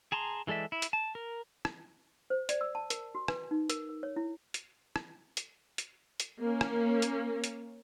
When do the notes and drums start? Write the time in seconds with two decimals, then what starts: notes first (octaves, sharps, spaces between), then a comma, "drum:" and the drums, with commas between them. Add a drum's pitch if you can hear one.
0.12 G#4 A5 A#5 C6
0.47 E3 G#3 A4 D5 E5
0.72 E4
0.82 drum: hi-hat
0.93 A5
1.15 A#4
1.65 drum: rim click
2.30 C5
2.49 D5, drum: hi-hat
2.61 E6
2.75 A5
2.90 A#4, drum: hi-hat
3.15 F#4
3.28 B4, drum: rim click
3.51 D#4
3.70 A#4, drum: hi-hat
3.89 A#4
4.03 C#5
4.16 E4
4.54 drum: hi-hat
4.96 drum: rim click
5.37 drum: hi-hat
5.78 drum: hi-hat
6.20 drum: hi-hat
6.40 A#3 C#4
6.61 drum: rim click
7.02 drum: hi-hat
7.44 drum: hi-hat